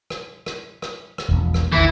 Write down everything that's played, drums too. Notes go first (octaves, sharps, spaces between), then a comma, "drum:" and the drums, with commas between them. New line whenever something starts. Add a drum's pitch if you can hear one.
drum: rim click
drum: rim click
drum: rim click
drum: rim click
E1 A#1
drum: rim click
A1 D#2 D3 E3 E4